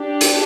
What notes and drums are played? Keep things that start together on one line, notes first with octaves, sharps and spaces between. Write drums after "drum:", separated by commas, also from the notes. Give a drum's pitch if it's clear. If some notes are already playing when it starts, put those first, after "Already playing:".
Already playing: D4 G4
drum: hi-hat